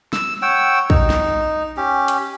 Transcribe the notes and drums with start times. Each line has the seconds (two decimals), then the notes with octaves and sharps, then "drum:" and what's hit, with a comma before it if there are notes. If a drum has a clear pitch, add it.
0.13 E6, drum: snare
0.42 C#5 F#5 G5 E6
0.90 D#4, drum: kick
1.10 drum: snare
1.77 C#4 G4
2.08 drum: hi-hat